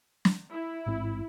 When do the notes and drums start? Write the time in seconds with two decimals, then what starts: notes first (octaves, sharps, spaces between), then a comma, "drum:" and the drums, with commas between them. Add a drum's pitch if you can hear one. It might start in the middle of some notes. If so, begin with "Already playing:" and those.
0.25 drum: snare
0.51 E4
0.87 A1 G#2 C4